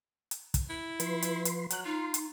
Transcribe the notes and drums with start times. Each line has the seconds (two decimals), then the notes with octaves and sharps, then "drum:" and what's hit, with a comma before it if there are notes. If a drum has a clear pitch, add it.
0.31 drum: hi-hat
0.54 drum: kick, hi-hat
0.69 E4
1.00 F3 B4 C6, drum: hi-hat
1.22 drum: hi-hat
1.45 drum: hi-hat
1.70 F#3 F#6, drum: hi-hat
1.85 D#4 F4 C6
2.14 drum: hi-hat